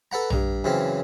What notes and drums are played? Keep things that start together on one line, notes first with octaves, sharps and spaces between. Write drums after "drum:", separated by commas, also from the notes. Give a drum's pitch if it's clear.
A4 B4 F#5 A#5
G2 A#5, drum: tom A#1
F#2 C#3 E3 C4